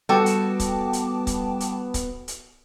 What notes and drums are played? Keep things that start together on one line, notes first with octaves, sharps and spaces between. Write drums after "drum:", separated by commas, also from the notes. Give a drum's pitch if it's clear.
G3 B3 F#4 A4 G5 A5 D6
drum: hi-hat
drum: kick C#1, hi-hat
drum: hi-hat
drum: kick C#1, hi-hat
drum: hi-hat
drum: kick C#1, hi-hat
drum: hi-hat